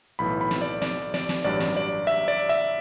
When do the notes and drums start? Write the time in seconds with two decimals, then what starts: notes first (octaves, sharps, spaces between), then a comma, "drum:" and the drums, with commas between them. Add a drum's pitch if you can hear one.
0.19 B1 A2 E3 B5
0.41 B5
0.51 drum: snare
0.61 D5
0.82 D5, drum: snare
1.14 D5, drum: snare
1.29 drum: snare
1.44 A1 G2 F#3 D5
1.60 drum: snare
1.77 D5
2.07 E5
2.28 D5
2.49 E5